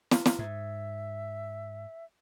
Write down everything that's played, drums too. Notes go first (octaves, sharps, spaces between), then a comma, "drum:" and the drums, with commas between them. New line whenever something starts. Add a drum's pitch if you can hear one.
drum: snare
drum: snare
G#2 E5